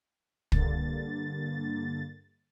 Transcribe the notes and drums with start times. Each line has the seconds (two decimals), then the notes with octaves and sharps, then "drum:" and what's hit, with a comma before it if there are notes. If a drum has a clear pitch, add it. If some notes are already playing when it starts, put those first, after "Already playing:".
0.52 G2 D3 A#3 A6, drum: kick